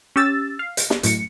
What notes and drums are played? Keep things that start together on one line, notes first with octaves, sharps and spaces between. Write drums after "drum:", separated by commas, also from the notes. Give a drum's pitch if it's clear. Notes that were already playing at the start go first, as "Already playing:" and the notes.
C#4 G4 E6 A6
F5
drum: hi-hat
drum: snare
F#2 A2 C#7, drum: hi-hat